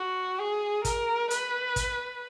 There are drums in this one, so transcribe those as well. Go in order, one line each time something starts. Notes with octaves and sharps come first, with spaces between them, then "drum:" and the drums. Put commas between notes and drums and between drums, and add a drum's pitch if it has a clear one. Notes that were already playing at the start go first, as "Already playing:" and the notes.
Already playing: F#4
G#4
A#4, drum: kick, hi-hat
B4, drum: hi-hat
drum: kick, hi-hat